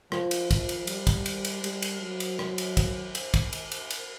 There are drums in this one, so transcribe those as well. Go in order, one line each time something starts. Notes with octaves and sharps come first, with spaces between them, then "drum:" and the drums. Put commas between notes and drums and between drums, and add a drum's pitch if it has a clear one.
F3, drum: rim click
drum: cymbal
F3, drum: kick, cymbal
drum: cymbal
G3, drum: cymbal
drum: kick, cymbal
drum: cymbal
drum: cymbal
G3, drum: cymbal
drum: cymbal
F#3
drum: cymbal
drum: rim click
drum: cymbal
drum: kick, cymbal
drum: cymbal
drum: kick, cymbal
drum: cymbal
drum: cymbal
drum: cymbal